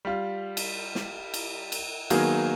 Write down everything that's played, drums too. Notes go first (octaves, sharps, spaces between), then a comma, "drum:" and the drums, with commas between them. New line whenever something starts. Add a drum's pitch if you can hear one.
G3 F4
drum: cymbal
drum: snare
drum: cymbal
drum: cymbal
D#3 F#3 A#3 B3 G#4, drum: cymbal